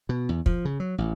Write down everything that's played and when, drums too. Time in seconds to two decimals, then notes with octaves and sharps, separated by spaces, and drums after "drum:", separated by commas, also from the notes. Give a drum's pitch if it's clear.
0.09 B2
0.29 E2
0.46 F3, drum: kick
0.65 C#3
0.80 F#3
0.98 A1